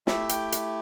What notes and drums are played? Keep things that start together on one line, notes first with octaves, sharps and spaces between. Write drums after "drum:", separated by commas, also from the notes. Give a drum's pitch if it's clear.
A3 E4 G4 E5, drum: snare
G5, drum: hi-hat
drum: hi-hat